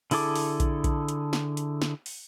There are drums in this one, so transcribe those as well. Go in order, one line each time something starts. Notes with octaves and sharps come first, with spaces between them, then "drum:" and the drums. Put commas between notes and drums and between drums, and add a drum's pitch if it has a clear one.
D3 E4 G#4 A4 D6, drum: open hi-hat
drum: open hi-hat
drum: kick A#1, hi-hat
drum: kick A#1, hi-hat
drum: hi-hat
drum: snare
drum: hi-hat
drum: snare
drum: open hi-hat